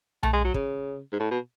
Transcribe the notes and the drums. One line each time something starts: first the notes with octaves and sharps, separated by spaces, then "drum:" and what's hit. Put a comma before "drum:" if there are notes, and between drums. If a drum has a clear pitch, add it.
A3, drum: tom B1
G#3
F#3
C#3, drum: kick
G#2
A2
B2